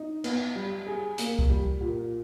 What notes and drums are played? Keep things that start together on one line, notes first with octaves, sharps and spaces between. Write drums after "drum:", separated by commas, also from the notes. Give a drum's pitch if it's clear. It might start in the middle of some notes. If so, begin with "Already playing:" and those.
Already playing: D#4
B3, drum: cymbal
G3
G#4
A#3, drum: hi-hat
drum: kick C2
G3
A#2